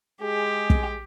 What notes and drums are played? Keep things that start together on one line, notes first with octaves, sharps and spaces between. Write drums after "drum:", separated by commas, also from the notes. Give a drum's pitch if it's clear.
G#3 G4 G#4
drum: kick